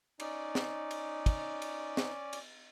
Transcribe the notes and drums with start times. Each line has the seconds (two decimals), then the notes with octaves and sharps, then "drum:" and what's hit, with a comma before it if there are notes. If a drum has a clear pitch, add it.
0.20 C#4 D#4 D5, drum: cymbal
0.55 drum: snare
0.91 drum: cymbal
1.26 drum: kick, cymbal
1.62 drum: cymbal
1.97 drum: snare
2.33 drum: cymbal